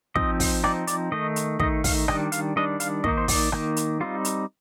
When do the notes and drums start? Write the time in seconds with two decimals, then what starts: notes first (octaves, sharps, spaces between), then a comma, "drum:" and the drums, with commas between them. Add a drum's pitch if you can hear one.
0.16 F3 C4 D#4 D#5, drum: kick
0.40 drum: kick, open hi-hat
0.64 F3 C4 D#4 D5, drum: rim click
0.87 D5, drum: hi-hat
1.12 D#3 A3 D#4 D#5
1.36 drum: hi-hat
1.60 D#3 A3 D#4 D#5, drum: kick
1.84 F5, drum: kick, open hi-hat
2.08 D#3 G3 D4 D#5, drum: rim click
2.32 F5, drum: hi-hat
2.56 D#3 G3 D4 D#5
2.80 F5, drum: hi-hat
3.04 D#3 A#3 D#4 D#5, drum: kick
3.17 C5
3.28 D5, drum: kick, open hi-hat
3.52 D#3 A#3 D#4, drum: rim click
3.77 drum: hi-hat
4.00 G3 C4 D#4 F4
4.25 drum: hi-hat